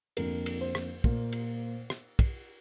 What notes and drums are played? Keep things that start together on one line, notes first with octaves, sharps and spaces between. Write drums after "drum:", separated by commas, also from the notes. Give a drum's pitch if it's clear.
F2 D3 F3 A#3 A#4, drum: cymbal
drum: cymbal
C5
drum: rim click
A#2 A#3, drum: kick
drum: cymbal
drum: rim click
drum: kick, cymbal